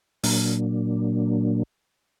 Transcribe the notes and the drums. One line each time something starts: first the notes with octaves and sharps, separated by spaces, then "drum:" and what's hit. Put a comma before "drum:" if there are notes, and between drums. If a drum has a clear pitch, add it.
A#2 F#3 A#3 D4, drum: open hi-hat